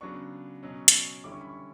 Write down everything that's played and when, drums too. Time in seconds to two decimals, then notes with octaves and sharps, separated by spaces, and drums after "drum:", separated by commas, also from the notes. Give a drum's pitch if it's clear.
0.01 C#3 F#3 B3 D4 C#6
0.63 B2 F#3 C#4
0.88 drum: hi-hat
1.24 D3 G3 C#4 E4 D6
1.32 C#6
1.41 B5
1.49 C#6